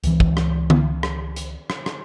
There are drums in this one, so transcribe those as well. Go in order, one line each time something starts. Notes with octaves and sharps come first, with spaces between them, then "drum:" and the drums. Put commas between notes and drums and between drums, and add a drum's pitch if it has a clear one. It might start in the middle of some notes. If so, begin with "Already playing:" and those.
C#2 E3, drum: hi-hat
drum: kick
drum: rim click
drum: tom D3
drum: rim click
drum: hi-hat
drum: rim click
drum: rim click